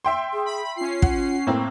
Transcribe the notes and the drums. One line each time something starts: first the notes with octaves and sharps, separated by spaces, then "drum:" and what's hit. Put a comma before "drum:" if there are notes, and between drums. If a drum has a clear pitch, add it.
E5 G5 C6
G#4
B5
C#4 F4 C7
F#5, drum: kick
A2 A#3 C4